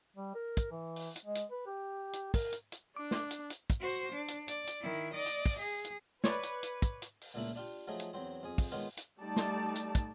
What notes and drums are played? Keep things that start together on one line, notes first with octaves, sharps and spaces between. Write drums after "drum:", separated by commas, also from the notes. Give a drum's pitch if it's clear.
G3
A#4
drum: kick, hi-hat
E3
drum: open hi-hat
drum: hi-hat
G#3
drum: hi-hat
B4
G4
drum: hi-hat
A#4, drum: kick, open hi-hat
drum: hi-hat
drum: hi-hat
D4 D6
drum: snare
drum: hi-hat
drum: hi-hat
drum: kick, hi-hat
F#4 C5
D4
drum: hi-hat
D5, drum: hi-hat
drum: hi-hat
D#3 E4
D5 D#5
drum: hi-hat
drum: kick, open hi-hat
G#4
drum: hi-hat
B4 C#5 D5, drum: snare
drum: hi-hat
drum: hi-hat
drum: kick, hi-hat
drum: hi-hat
drum: open hi-hat
C#2 A#2 A3 A#3 E4 B5
D4 F4 G4
F3 F#3 A3 D#4 G#4
drum: hi-hat
E2 F#3 C4 C5
F2 G#4 G#5
drum: kick, open hi-hat
D#3 G#3 B3 F4 C#5
drum: hi-hat
G3 A3 D#4 D5 A5
drum: snare
drum: hi-hat
drum: kick, hi-hat